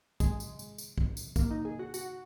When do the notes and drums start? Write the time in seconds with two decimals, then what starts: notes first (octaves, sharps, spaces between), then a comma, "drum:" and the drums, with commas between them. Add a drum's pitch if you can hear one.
0.20 G#3, drum: kick, tambourine
0.40 drum: tambourine
0.59 drum: tambourine
0.78 drum: tambourine
0.98 drum: kick
1.17 drum: tambourine
1.36 A#3, drum: kick, tambourine
1.51 D#4
1.65 G#4
1.79 F#4
1.94 F#4, drum: tambourine